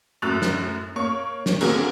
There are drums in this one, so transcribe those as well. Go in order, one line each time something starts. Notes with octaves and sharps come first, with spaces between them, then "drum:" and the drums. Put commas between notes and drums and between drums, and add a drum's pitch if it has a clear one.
F#2 A2 E6 F#6 A6 F7
drum: snare
A#3 C#5 C#6
drum: snare
D3 A#3 C4 F#4 G#4 A#4, drum: cymbal